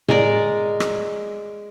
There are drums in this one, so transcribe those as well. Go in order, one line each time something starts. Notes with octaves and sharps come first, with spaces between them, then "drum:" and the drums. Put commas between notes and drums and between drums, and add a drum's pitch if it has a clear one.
G#3 A#4 D5, drum: tom A2
drum: rim click